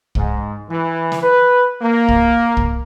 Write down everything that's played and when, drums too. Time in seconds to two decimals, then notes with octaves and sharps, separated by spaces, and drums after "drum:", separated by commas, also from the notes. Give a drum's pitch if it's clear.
0.15 G#2, drum: kick
0.69 E3
1.12 drum: snare
1.22 B4
1.82 A#3
2.08 drum: kick
2.57 drum: kick